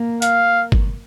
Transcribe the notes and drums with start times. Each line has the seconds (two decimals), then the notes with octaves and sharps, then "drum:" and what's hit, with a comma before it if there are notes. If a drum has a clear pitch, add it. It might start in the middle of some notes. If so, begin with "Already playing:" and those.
Already playing: A#3
0.22 F5, drum: hi-hat
0.72 drum: kick